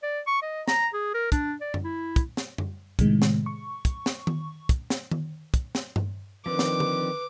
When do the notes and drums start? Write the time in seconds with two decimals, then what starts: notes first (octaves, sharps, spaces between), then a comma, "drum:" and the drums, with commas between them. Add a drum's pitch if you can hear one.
0.03 D5
0.27 C#6
0.42 D#5
0.68 A#5, drum: snare
0.94 G#4
1.14 A#4
1.32 D4, drum: kick, hi-hat
1.61 D5
1.74 drum: tom F#2
1.84 E4
2.16 drum: kick, hi-hat
2.37 drum: snare
2.58 drum: tom F#2
2.99 A2 C3 D#3 G#3, drum: kick, hi-hat
3.22 drum: snare
3.46 C#6
3.85 drum: kick, hi-hat
4.06 drum: snare
4.27 drum: tom D#3
4.69 drum: kick, hi-hat
4.90 drum: snare
5.11 drum: tom D#3
5.54 drum: kick, hi-hat
5.75 drum: snare
5.96 drum: tom G2
6.46 D#3 F3 C4 D4 B4 D6
6.59 drum: snare
6.80 drum: tom